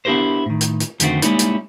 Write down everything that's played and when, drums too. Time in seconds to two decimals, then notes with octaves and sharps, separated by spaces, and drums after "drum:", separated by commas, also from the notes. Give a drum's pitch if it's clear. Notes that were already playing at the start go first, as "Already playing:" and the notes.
0.05 B3 D4 E4 G4 A#4 C5
0.46 A2 D#3
0.61 drum: hi-hat
0.80 drum: hi-hat
1.00 F2 D3 D#3 A3 C4 F#4, drum: hi-hat
1.22 G3 G#3 A#3 C#4 D#4 E4, drum: hi-hat
1.39 drum: hi-hat